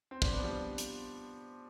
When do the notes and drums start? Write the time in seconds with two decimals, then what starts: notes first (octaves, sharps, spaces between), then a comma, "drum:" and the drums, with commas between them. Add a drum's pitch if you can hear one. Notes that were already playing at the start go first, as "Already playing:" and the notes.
0.11 C4
0.22 D4, drum: kick
0.32 B3
0.39 F3
0.44 G3
0.78 drum: hi-hat